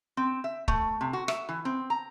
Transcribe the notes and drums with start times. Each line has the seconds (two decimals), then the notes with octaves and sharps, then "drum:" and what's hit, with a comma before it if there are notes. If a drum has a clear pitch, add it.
0.17 C4
0.44 E5
0.68 A3, drum: kick
1.01 C3
1.13 F#4
1.28 E5, drum: rim click
1.49 E3
1.65 C4
1.90 A#5